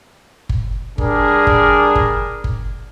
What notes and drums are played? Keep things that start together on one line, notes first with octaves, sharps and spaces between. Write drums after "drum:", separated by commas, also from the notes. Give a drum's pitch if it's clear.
drum: kick G1
G3 D4 G#4 A#4, drum: kick G1
drum: kick G1
drum: kick G1
drum: kick G1